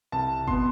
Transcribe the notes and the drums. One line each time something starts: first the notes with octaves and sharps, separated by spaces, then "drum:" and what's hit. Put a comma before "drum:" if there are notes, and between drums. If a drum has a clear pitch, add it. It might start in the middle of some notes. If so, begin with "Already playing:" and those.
C2 A5
B2 B3 C6, drum: kick G1